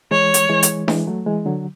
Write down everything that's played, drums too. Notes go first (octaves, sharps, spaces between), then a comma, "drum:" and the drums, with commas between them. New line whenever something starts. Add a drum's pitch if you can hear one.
E3 G#3 C#5
drum: hi-hat
E3 G#3
drum: hi-hat
E3 G#3, drum: snare D4
F#3 A3
E3 G#3
D3 F#3